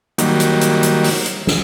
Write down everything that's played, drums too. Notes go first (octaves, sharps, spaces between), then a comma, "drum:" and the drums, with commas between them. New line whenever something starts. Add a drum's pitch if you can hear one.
D#3 F#3 G3 A#3, drum: hi-hat
drum: hi-hat
drum: hi-hat
drum: hi-hat
drum: open hi-hat
drum: hi-hat
drum: snare